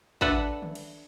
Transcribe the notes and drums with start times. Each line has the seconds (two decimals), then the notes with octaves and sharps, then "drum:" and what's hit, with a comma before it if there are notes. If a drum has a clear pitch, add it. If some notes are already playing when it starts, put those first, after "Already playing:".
0.21 D4 A4 B4 E5 F#5, drum: kick
0.62 drum: tom D3
0.75 drum: cymbal